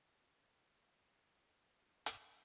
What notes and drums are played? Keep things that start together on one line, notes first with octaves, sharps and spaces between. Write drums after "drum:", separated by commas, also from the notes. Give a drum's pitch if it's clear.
G#2 E3 A3 C4 E4 E5
D#5
D5
C#5
D5
C#5
G#2 D#3 F#3 C5
drum: hi-hat